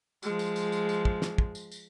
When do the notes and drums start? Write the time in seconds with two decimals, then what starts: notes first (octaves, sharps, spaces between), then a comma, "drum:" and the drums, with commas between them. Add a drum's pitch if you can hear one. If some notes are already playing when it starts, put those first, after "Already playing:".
0.23 F3 G#3, drum: tambourine
0.39 drum: tambourine
0.56 drum: tambourine
0.72 drum: tambourine
0.89 drum: tambourine
1.05 drum: kick
1.22 drum: snare
1.38 drum: kick
1.55 drum: tambourine
1.72 drum: tambourine